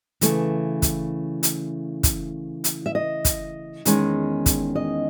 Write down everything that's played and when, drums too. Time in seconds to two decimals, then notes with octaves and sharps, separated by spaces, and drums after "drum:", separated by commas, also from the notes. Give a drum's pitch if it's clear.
0.21 C#3 E3 A3, drum: hi-hat
0.82 drum: kick, hi-hat
1.43 drum: hi-hat
2.03 drum: kick, hi-hat
2.64 drum: hi-hat
2.86 E5
2.95 D#5
3.25 drum: kick, hi-hat
3.86 E2 D#3 G#3 C#4, drum: hi-hat
4.46 drum: kick, hi-hat
4.76 D#5